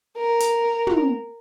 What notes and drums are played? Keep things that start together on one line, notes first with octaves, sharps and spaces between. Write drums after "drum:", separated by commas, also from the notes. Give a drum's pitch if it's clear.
A#4
drum: hi-hat
drum: tom